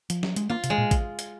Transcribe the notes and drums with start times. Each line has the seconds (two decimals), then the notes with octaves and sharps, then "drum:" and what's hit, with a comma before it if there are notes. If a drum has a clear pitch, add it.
0.10 F3, drum: hi-hat
0.23 F#3, drum: snare
0.36 G#3, drum: hi-hat
0.50 A#3 F4
0.64 C3, drum: hi-hat
0.70 G#3
0.78 A#2
0.91 drum: kick A1, hi-hat
1.19 drum: hi-hat